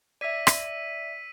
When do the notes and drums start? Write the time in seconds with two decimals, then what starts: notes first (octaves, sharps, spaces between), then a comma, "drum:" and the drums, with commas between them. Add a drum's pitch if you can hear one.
0.21 D5 E5 E6 B6 D#7
0.47 drum: rim click